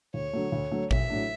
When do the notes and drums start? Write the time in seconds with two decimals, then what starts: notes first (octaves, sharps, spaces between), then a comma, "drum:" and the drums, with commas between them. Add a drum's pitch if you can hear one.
0.14 D2 C#5
0.33 D3 F#3 A3
0.52 D2
0.71 D3 F#3 A3
0.91 B1 E5, drum: kick A1
1.10 A2 F#3 A3 D4